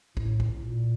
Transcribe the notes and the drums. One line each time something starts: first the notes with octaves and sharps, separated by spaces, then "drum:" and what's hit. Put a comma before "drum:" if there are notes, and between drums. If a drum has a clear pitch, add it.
A2, drum: kick
drum: kick
A#2